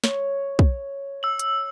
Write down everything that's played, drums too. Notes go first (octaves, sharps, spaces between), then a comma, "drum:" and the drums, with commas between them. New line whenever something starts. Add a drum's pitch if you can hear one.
C#5, drum: snare
drum: kick
E6 F#7
drum: hi-hat